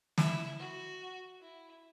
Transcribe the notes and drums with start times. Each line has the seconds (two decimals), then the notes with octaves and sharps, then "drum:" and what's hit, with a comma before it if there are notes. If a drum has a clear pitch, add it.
0.18 E4, drum: snare
0.59 F#4
1.41 E4